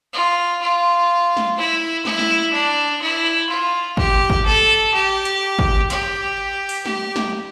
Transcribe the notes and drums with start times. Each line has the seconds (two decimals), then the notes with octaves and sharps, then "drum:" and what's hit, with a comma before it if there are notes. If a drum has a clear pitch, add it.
0.13 F4
0.62 F4
1.37 drum: snare
1.57 E4
2.05 E4, drum: snare
2.19 drum: snare
2.53 D4
3.02 E4
3.49 F4
3.97 G4, drum: kick
4.30 drum: kick
4.45 A4
4.94 G4
5.25 drum: hi-hat
5.59 drum: kick
5.90 G4, drum: hi-hat
6.69 drum: open hi-hat
6.86 G4, drum: snare
7.16 drum: snare